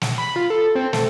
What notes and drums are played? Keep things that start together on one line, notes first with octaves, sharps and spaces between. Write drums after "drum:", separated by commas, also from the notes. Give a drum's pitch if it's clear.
drum: snare
B5
F4
A4
C4
A3, drum: snare